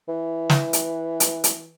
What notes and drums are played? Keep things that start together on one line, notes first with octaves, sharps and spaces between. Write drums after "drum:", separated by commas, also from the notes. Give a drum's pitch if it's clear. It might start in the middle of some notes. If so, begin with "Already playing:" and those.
E3
drum: snare
drum: hi-hat
drum: hi-hat
drum: hi-hat